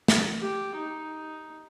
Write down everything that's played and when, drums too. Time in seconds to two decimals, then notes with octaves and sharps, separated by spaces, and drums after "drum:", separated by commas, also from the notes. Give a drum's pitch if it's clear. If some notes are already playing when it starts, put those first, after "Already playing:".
0.08 drum: snare
0.40 G4
0.76 D#4